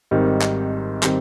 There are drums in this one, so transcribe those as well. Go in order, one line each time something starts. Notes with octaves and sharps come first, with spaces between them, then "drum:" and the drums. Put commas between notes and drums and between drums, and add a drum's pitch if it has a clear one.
G#1 G#2 D#3 G3 C4
drum: clap
D#3 G3 C4, drum: clap